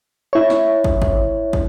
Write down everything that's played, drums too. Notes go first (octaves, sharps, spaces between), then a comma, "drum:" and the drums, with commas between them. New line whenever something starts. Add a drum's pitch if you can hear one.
E4 C#5
drum: snare
drum: kick
drum: kick
drum: kick